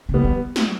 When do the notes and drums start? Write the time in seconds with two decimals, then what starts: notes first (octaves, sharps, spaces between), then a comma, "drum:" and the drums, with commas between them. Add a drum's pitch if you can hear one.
0.09 C#3
0.14 G3 B3
0.24 D3
0.56 drum: snare